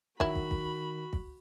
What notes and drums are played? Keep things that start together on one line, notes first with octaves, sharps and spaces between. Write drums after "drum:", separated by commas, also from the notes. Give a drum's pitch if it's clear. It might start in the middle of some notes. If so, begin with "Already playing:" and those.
D#3 F#3 E4 F#4 B5, drum: kick
drum: kick
drum: kick
drum: kick